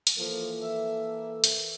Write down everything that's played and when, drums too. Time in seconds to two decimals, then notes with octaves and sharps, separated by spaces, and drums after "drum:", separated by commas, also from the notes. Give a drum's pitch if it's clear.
0.07 drum: hi-hat
0.18 E3 F3 A#3 A4
0.62 E5
1.44 drum: hi-hat